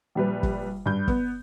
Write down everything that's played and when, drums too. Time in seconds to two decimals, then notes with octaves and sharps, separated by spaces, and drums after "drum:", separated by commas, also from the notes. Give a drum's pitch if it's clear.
0.15 A#1 G3 B4
0.43 drum: kick
0.86 G2 G6
1.08 B3, drum: kick